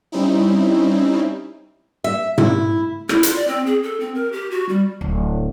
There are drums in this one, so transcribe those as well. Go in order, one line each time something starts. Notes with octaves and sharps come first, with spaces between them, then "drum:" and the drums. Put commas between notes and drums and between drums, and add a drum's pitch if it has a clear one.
G3 C4 C#4 D#4 E4
E5
E4, drum: tom
E4, drum: rim click
F4, drum: hi-hat
D5
C4
G#4
A4
C4
A#4
G4
F#4
G3
D1